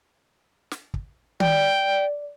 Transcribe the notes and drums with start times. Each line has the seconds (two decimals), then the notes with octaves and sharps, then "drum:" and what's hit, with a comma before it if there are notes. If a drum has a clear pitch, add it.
0.71 drum: snare
0.94 drum: kick
1.40 D5 G5, drum: tom D#3